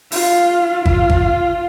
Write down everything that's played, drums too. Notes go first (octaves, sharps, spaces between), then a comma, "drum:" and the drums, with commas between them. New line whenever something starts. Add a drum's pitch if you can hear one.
F4, drum: open hi-hat
F4, drum: kick G#1
drum: kick G#1